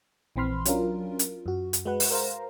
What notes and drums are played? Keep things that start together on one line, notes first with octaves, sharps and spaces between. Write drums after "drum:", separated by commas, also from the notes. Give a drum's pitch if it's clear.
A#1 E3 C4 B5 C6 F6
F#3 C#4 D4 F4 A#4, drum: hi-hat
drum: hi-hat
F#2 F#4
drum: hi-hat
G#3 F#4 B4 F#5
drum: open hi-hat
A#4 C5 F5 A#5